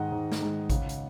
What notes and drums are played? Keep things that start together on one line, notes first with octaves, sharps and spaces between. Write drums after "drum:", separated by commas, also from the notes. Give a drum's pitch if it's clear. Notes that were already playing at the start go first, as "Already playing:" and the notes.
Already playing: G#2 D#3 G#3 D#4 D#5 F#5
G#2
drum: snare
D#3 G#3 D#4
C#2, drum: kick A1, hi-hat
drum: hi-hat